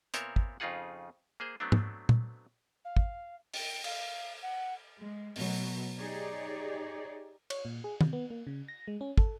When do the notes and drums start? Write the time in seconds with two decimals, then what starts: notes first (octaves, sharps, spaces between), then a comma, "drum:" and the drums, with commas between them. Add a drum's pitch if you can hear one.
0.14 A#2 B3 C4 A#4 C#5 E5, drum: hi-hat
0.36 drum: kick
0.60 F2 C#3 D#4 F4 G#4 F#5
1.40 A#3 G#4 C5
1.60 F#3 A3 B3 C4 D4
1.72 drum: tom
2.09 drum: tom A#2
2.84 F5
2.97 drum: kick
3.54 G5, drum: open hi-hat
3.84 F5, drum: cymbal
4.42 F#5
5.00 G#3
5.36 B2 F#3 A3, drum: open hi-hat
5.98 D#4 G4 G#4 C#5 D5
7.50 C#5, drum: cymbal
7.65 A#2
7.84 G#4
8.01 C3, drum: tom
8.13 B3
8.30 A#3
8.47 C#3
8.68 A#6
8.88 G#3
9.01 C#4
9.18 A4, drum: kick